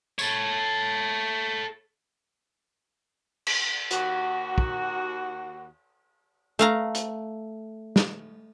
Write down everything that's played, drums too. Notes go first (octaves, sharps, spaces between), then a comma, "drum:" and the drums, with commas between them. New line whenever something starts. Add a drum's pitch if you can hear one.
A4 C#5, drum: tambourine
drum: cymbal
D#2 F#4, drum: hi-hat
drum: kick
A3 F5 A#5
drum: hi-hat
drum: snare